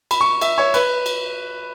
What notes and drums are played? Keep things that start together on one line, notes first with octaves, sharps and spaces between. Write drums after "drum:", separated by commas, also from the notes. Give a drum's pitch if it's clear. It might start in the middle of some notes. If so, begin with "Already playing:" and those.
B5, drum: cymbal
C#6
E5, drum: cymbal
C#5
B4, drum: cymbal
drum: cymbal